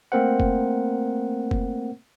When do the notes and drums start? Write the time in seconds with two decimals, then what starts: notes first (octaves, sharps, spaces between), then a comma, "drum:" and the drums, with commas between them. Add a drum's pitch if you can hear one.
0.12 A3 A#3 C4 A#4 C5 F#5
0.40 drum: kick F#1
1.51 drum: kick F#1